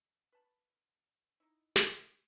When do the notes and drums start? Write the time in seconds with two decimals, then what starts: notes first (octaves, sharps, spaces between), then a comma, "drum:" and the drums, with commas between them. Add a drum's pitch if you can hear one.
0.32 B4 A5 B5
1.40 D#4 E4
1.76 drum: snare